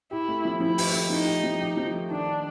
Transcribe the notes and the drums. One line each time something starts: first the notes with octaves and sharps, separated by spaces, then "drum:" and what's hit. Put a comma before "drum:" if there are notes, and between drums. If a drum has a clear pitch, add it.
E4 G4
A3
F3
F3 E4
G4, drum: open hi-hat
A3
F3 D#4
G4
F3
G4
F3
A3
D#3 D4
D#4